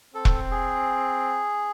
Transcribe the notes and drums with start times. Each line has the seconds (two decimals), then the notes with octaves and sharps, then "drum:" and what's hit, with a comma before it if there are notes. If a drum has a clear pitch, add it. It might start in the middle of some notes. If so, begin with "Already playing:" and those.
0.14 C4 A4
0.25 drum: kick E1
0.51 G#4